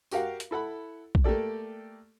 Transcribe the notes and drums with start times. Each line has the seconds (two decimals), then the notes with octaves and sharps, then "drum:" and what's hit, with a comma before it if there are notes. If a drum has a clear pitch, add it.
0.11 F#4 G4 A#4 F5 F#5, drum: tambourine
0.40 drum: hi-hat
0.51 E4 A4 F#5 B5
1.15 drum: kick A#1
1.24 A3 A#3 G4 A4 D5